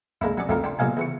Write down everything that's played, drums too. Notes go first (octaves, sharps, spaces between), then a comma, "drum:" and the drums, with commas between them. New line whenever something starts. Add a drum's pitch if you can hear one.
G#3 A#3 D4 E4, drum: kick
F#3 C#4 D5 D#6
A3 C4 D#4 F4 G4 A#4, drum: kick
D4 G5 C6
B1 A#2 D#5 F5 G#5
E2 E3 C#6